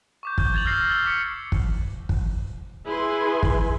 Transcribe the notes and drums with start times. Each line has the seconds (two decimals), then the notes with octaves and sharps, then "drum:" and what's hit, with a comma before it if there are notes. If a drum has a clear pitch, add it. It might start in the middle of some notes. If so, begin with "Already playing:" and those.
0.23 C#6 D6 G6
0.38 G6, drum: kick
0.54 G#6 A6 F7 F#7
0.65 E6 F6 G6 A#6 C7 G7
0.89 E6 A6 G7
1.05 D6 B6 C#7
1.52 drum: kick
2.09 drum: kick
2.85 E4 G#4 B4 G#5 C6
3.43 drum: kick